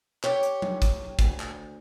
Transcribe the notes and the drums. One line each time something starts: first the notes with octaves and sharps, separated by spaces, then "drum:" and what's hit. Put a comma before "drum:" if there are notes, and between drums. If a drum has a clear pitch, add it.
G4 C#5, drum: clap
drum: hi-hat
drum: tom F#3
drum: kick, hi-hat
D2, drum: kick, hi-hat
drum: clap